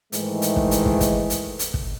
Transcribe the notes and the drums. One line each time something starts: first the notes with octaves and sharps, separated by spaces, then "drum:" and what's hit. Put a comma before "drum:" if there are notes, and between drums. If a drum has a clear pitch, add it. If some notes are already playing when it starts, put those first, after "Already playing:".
G#2 D#3 E3 G#3 A3, drum: hi-hat
drum: hi-hat
drum: kick
drum: hi-hat
drum: kick
drum: kick, hi-hat
drum: hi-hat
drum: hi-hat
drum: kick